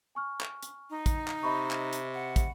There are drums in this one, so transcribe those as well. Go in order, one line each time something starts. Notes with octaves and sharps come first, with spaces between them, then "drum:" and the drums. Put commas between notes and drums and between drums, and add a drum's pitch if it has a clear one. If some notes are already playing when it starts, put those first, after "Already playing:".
G#5 C#6 F6
drum: clap
drum: hi-hat
D#4
drum: kick, hi-hat
drum: clap
C3 D#5 B5 C#6
drum: clap
drum: hi-hat
F#5
drum: kick, hi-hat